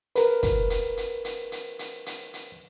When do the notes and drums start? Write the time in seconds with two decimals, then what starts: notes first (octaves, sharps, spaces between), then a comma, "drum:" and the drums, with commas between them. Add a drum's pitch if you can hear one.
0.16 A#4 B4, drum: hi-hat
0.43 drum: kick, hi-hat
0.70 drum: hi-hat
0.97 drum: hi-hat
1.25 drum: hi-hat
1.52 drum: hi-hat
1.79 drum: hi-hat
2.06 drum: hi-hat
2.34 drum: hi-hat